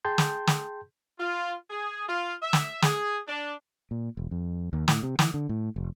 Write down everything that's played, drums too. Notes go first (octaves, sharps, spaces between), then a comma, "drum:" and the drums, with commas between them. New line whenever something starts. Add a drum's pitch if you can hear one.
G#4 G5 A5 C6 G6
drum: snare
drum: snare
F4
G#4
F4
E5
drum: snare
G#4, drum: snare
D4
A#2
E1
F2
D#2
A2, drum: snare
C3
E3, drum: snare
D3
A2
F1